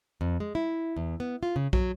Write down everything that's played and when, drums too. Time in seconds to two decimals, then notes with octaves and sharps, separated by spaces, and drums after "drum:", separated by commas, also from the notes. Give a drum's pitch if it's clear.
0.21 F2
0.40 G#3
0.55 E4
0.97 E2
1.20 B3
1.43 F4
1.56 C#3
1.73 F#3, drum: kick